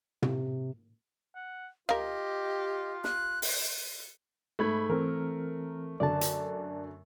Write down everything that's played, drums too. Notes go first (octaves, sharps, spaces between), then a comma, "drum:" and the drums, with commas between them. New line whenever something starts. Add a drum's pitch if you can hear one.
C3, drum: tom
F#5
F4 G4 A#4 D#5 F5, drum: rim click
F#6, drum: snare
drum: open hi-hat
G#2 A3 B5 G#6
E3 C4 A#4
F#2 D3 D5 A5
drum: hi-hat